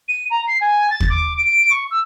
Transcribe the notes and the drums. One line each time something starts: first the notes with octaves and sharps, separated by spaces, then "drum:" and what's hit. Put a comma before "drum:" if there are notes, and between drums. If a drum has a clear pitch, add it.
D#7
A#5
C7
G#5
A6
drum: kick
D6
D7
C#6
E6